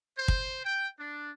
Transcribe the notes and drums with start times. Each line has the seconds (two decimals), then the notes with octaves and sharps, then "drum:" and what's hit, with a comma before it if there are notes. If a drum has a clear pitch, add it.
0.18 C5
0.28 drum: kick
0.65 G5
0.99 D4